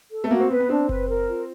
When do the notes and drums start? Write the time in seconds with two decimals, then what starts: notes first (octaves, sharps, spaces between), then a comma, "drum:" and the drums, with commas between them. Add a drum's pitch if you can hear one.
0.11 A4
0.24 A3
0.31 A#3 F#4
0.40 C4
0.50 B3 B4
0.60 B3
0.69 C4 D4
0.89 B4, drum: kick F#1
1.08 A#4
1.28 F4